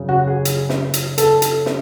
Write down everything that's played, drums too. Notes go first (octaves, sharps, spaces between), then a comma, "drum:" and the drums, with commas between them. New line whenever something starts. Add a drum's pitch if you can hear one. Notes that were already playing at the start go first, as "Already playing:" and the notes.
Already playing: F#2 C#3
F#4
G#4
drum: hi-hat
drum: snare
drum: hi-hat
A4, drum: hi-hat
drum: hi-hat
drum: snare